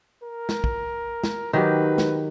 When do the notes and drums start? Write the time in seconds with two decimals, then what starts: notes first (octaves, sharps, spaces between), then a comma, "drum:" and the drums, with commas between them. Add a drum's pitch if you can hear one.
0.23 A#4
0.49 drum: snare
0.64 drum: kick
1.24 drum: snare
1.53 D#3 F#3 G4 B4
1.98 drum: snare